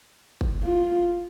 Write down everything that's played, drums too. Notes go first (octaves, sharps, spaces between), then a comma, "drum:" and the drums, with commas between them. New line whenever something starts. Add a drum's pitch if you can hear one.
drum: kick
F4